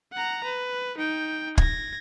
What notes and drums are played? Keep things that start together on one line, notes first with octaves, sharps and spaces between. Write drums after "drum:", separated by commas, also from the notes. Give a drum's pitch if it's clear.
F#5 A#5
B4
D#4 G5
G#6 A#6, drum: kick